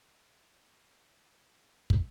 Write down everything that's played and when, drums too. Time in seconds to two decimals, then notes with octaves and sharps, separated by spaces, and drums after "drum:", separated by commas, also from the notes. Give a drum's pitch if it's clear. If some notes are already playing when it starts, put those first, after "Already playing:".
Already playing: E2 B2
0.20 A3
0.64 E2 B2 B3
1.52 E2 B2
1.90 drum: kick